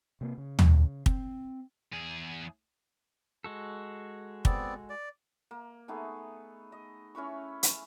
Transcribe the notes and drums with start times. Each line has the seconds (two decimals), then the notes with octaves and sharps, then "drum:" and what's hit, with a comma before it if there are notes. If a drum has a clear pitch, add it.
0.21 C3 A#3
0.38 C#3
0.59 drum: tom
1.06 C4, drum: kick
1.93 E2 G#4
3.44 G#3 F#4 A4
4.45 B3 C4 D5, drum: kick
4.90 D5
5.51 A#3
5.88 A3 B3 D#4 G#4
6.72 D#5
7.15 C#4 E4 B4 C#6
7.63 drum: hi-hat